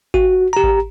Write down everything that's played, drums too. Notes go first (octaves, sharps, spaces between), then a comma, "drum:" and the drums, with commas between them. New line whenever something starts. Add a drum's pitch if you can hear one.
F#4, drum: kick G#1
G4 A#5
drum: kick G#1